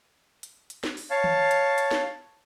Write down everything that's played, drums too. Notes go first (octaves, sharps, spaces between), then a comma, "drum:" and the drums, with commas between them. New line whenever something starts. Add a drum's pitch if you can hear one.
drum: hi-hat
drum: hi-hat
drum: snare
drum: open hi-hat
C#5 F5 A5
drum: tom D#3
drum: hi-hat
drum: hi-hat
drum: snare